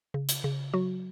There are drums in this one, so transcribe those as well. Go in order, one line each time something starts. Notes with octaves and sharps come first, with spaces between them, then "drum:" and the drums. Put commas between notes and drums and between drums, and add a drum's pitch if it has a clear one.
C#3
drum: hi-hat
C#3
F#3 F#4